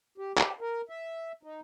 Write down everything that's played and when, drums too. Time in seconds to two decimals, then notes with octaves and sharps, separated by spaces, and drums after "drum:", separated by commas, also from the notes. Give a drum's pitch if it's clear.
0.18 G4
0.38 G4, drum: clap
0.61 A#4
0.90 E5
1.43 D#4